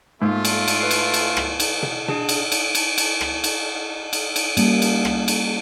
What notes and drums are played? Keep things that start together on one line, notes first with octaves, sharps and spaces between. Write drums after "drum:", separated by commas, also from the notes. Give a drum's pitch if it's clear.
G#2 A3 A#3 F4
drum: cymbal
drum: cymbal
B4 F5
drum: cymbal
drum: cymbal
drum: rim click
drum: cymbal
drum: tom B2
D4 G#4 A5, drum: tom B2
drum: cymbal
drum: cymbal
drum: cymbal
drum: cymbal
drum: rim click
drum: cymbal
drum: cymbal
drum: cymbal
G3 A#3 C#4, drum: cymbal
drum: cymbal
drum: rim click
drum: cymbal